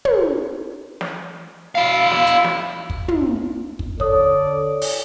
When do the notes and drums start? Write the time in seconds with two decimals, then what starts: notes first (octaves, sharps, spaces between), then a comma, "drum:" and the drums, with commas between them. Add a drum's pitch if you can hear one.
0.05 drum: tom
1.01 drum: snare
1.75 E4 F5
2.12 drum: snare
2.27 drum: hi-hat
2.44 drum: snare
2.90 drum: kick
3.08 drum: tom
3.79 drum: kick
4.00 D3 A4 C#5 D5 D#6, drum: kick
4.81 drum: open hi-hat